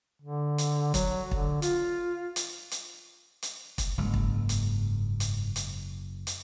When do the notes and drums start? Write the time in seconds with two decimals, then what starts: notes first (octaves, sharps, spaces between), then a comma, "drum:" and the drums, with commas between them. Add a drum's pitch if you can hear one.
0.22 D3
0.58 drum: hi-hat
0.94 F#3, drum: kick, hi-hat
1.31 D3, drum: kick
1.62 F4, drum: hi-hat
2.36 drum: hi-hat
2.71 drum: hi-hat
3.43 drum: hi-hat
3.78 drum: kick, hi-hat
3.98 F#1 G#2
4.14 drum: kick
4.49 drum: hi-hat
5.20 drum: hi-hat
5.56 drum: hi-hat
6.27 drum: hi-hat